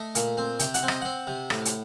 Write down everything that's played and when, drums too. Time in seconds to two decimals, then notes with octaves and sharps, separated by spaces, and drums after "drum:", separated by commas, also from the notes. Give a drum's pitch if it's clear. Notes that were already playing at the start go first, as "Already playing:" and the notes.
Already playing: A3 D#5
0.15 A#2, drum: hi-hat
0.37 C4
0.59 C3 G5, drum: hi-hat
0.74 F#5, drum: hi-hat
0.83 C4
0.88 D#5, drum: rim click
1.02 C4 F#5
1.27 C3
1.50 A2, drum: rim click
1.65 drum: hi-hat